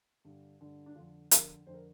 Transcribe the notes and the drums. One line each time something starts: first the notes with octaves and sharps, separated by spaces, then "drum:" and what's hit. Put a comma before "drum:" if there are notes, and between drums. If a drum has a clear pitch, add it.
G2 D3
G2 D3
D4
F2 D3 F4
F2 D3 A#4, drum: hi-hat
F2 D3 C5
A#4